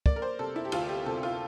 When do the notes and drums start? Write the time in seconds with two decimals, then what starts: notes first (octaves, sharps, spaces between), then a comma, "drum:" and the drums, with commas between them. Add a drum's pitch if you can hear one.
0.06 A#3 D5, drum: kick
0.16 A#4
0.22 C5
0.39 C3 A4
0.56 E4
0.65 G4
0.72 D2 F4, drum: cymbal
0.89 G4
1.06 C3 A4
1.23 F4